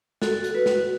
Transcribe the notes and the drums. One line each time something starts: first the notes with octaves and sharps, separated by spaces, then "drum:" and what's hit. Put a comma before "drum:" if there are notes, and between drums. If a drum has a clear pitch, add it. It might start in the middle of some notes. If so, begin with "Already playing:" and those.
F#4 A4, drum: snare
drum: hi-hat
F#4 B4
drum: snare